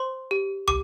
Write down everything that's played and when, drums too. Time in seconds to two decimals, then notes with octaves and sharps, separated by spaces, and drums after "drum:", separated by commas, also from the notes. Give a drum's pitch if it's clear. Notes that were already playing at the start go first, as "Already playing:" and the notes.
Already playing: C5 C6
0.31 G4
0.68 G4 D6, drum: tom